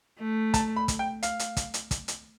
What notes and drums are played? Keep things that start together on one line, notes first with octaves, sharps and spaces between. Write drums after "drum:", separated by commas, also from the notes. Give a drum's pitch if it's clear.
A3
A5, drum: kick, hi-hat
B5
drum: kick, hi-hat
G5
F5, drum: hi-hat
drum: hi-hat
drum: kick, hi-hat
drum: hi-hat
drum: kick, hi-hat
drum: hi-hat